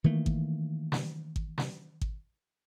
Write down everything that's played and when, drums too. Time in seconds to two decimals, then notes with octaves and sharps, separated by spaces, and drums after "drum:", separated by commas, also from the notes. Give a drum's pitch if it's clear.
0.04 D#3 E3 A3 A#3
0.26 drum: kick G#1
0.92 drum: snare
1.36 drum: kick G#1
1.58 drum: snare
2.01 drum: kick G#1